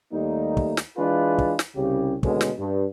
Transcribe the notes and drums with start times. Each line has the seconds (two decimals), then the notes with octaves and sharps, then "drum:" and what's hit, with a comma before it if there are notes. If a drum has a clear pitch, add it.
0.13 D#2 G3 A3 A#3 D#4
0.57 drum: kick
0.77 drum: snare
0.98 E3 G#3 D4 F4 G#4 B4
1.39 drum: kick
1.59 drum: snare
1.76 C2 C#3 G4
2.23 D#2 B2 D3 G#3 A3 C#4, drum: kick
2.41 drum: snare
2.58 G2